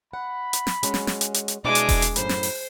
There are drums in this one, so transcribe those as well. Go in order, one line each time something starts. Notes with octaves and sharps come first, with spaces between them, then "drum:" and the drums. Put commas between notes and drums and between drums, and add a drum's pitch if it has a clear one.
F#5 B5
drum: hi-hat
drum: snare
G#3 C#4 F#4, drum: hi-hat
drum: snare
drum: snare
drum: hi-hat
drum: hi-hat
drum: hi-hat
B2 G#3 D4 E4 D5 D6
drum: hi-hat
drum: kick E1, open hi-hat
drum: hi-hat
F#2 A2 C5 B5, drum: hi-hat
drum: snare
drum: open hi-hat